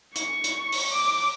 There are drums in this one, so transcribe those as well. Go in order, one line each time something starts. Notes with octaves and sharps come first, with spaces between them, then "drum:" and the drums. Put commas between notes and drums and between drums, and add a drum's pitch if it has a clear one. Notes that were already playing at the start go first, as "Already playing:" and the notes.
C#6, drum: hi-hat
drum: hi-hat
drum: open hi-hat
D6